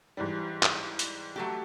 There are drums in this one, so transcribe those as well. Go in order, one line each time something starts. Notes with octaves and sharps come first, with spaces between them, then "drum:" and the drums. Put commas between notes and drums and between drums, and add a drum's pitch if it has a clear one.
G#2 E3 G3
drum: clap
drum: hi-hat
F#3 A3 G4